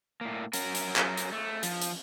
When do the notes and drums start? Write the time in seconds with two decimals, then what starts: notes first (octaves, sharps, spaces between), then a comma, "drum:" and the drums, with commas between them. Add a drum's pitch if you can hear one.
0.21 A2 A#3
0.53 F#3 C#4 A#4, drum: hi-hat
0.75 drum: hi-hat
0.96 drum: clap
1.17 drum: hi-hat
1.32 A3
1.63 F3, drum: hi-hat
1.81 drum: hi-hat